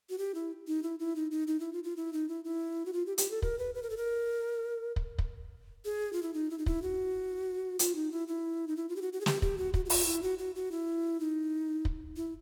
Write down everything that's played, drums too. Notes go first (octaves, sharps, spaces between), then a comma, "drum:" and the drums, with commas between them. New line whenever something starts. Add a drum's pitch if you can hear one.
F#4
G4
E4
D#4
E4
E4
D#4
D#4
D#4
E4
F4
F4
E4
D#4
E4
E4
F#4
F4
G4
G4, drum: hi-hat
A4
A#4, drum: kick
B4
B4
A#4
A4
A#4
drum: kick
drum: kick
G#4
F4
E4
D#4
E4
D#4
E4, drum: kick
F#4
F4, drum: hi-hat
D#4
E4
E4
D#4
E4
F4
G4
F#4
F#4
G#4
G4, drum: snare
G4, drum: kick
F#4
F#4, drum: kick
F#4
F4, drum: open hi-hat
E4
F#4
F#4
F#4
E4
D#4
drum: kick
E4